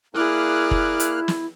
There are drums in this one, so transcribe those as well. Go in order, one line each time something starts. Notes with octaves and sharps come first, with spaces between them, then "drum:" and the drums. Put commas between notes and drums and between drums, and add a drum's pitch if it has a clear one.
A#3 E4 G#4 D5 F6 F#6
drum: kick F#1
drum: hi-hat
drum: snare